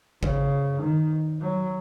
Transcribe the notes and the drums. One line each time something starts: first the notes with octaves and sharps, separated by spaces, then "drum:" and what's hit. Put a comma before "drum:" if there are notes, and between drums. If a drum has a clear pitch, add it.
C#3, drum: kick G#1
D#3
F#3